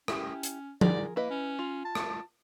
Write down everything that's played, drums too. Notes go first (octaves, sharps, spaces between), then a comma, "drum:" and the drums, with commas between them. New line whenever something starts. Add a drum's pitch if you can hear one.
C#4 E4 G4, drum: rim click
drum: hi-hat
F4 G#4 A#4 D5, drum: tom F3
A#3 E4 B4 D#5
C#4
F4
A5
drum: rim click